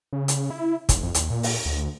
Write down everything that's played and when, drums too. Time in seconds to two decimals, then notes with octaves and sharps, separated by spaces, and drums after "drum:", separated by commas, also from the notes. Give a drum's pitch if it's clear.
0.13 C#3
0.28 drum: hi-hat
0.50 E4
0.89 F1, drum: kick, hi-hat
1.03 F2
1.14 D#2, drum: hi-hat
1.31 A#2
1.43 drum: open hi-hat
1.66 D2